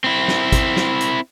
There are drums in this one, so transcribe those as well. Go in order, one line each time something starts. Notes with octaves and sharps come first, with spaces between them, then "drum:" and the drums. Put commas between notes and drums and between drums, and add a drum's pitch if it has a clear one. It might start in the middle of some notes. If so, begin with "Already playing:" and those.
C4 E4
drum: snare
drum: kick, hi-hat
drum: snare
drum: hi-hat